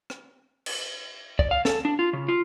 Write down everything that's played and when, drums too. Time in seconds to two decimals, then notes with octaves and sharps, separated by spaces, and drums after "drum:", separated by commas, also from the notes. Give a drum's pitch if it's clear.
0.10 drum: rim click
0.66 drum: cymbal
1.39 D5, drum: kick
1.51 F5
1.65 A4, drum: snare
1.85 D4
1.99 F4
2.13 C#3
2.29 F4